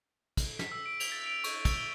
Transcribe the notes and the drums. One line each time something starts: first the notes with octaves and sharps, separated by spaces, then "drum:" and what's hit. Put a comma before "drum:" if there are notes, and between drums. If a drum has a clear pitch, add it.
drum: kick, cymbal
B6, drum: snare
E6
D7
F7, drum: cymbal
A6
D7
C#6, drum: cymbal
E6, drum: kick, cymbal
G7